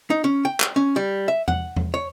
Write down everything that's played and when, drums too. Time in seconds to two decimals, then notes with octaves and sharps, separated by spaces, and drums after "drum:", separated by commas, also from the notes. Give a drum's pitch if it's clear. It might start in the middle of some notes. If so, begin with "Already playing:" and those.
0.10 D#4
0.24 C#4
0.45 G5
0.60 drum: clap
0.76 C#4
0.96 G3
1.28 E5
1.48 F#5, drum: tom E2
1.76 drum: tom E2
1.94 C#5